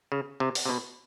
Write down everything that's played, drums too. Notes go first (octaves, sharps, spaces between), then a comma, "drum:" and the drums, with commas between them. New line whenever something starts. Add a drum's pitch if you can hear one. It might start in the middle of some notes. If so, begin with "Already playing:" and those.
C#3
C3
drum: open hi-hat
C3
B2